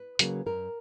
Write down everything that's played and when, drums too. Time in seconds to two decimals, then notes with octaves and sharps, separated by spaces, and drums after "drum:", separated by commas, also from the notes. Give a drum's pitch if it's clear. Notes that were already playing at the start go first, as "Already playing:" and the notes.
Already playing: B4
0.19 C#3 F#3 A#3, drum: hi-hat
0.46 F#2 A#4